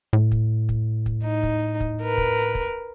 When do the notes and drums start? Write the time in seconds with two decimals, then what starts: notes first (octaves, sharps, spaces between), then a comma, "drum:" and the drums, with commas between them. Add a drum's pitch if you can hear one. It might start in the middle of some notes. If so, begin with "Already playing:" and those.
0.13 A2
0.32 drum: kick
0.69 drum: kick
1.06 drum: kick
1.23 D#4
1.43 drum: kick
1.80 drum: kick
2.02 A#4 B4
2.18 drum: kick
2.55 drum: kick